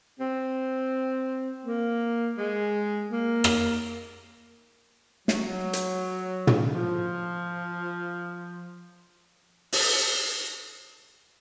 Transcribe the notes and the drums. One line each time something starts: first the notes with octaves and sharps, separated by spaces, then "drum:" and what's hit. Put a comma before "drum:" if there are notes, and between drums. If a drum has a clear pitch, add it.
C4
A#3
G#3
A#3
drum: rim click
F#3, drum: snare
drum: hi-hat
drum: tom
F3
drum: open hi-hat